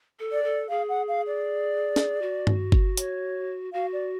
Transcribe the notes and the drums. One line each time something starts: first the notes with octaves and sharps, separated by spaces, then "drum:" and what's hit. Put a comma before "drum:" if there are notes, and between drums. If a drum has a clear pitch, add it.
A4
D5
A4
G#4 F5
F#5
F5
D5
drum: snare
F#4
drum: tom G2
drum: kick G1
C#5, drum: hi-hat
F#4 F5
D5